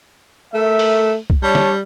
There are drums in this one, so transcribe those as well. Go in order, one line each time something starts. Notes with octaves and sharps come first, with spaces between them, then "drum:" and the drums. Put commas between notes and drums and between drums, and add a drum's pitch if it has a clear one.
A3 A#4 E5
drum: open hi-hat
drum: kick
G3 D4 C#5 A5
drum: snare